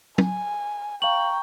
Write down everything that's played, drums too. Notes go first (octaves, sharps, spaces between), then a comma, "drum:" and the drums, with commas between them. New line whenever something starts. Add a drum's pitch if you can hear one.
G#5, drum: tom
F5 G5 A#5 C#6 F#7